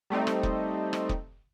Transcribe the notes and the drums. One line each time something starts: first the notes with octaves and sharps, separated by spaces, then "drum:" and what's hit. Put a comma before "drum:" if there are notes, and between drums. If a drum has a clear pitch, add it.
G3 A3 C4 D#4
drum: rim click
drum: kick
drum: rim click
drum: kick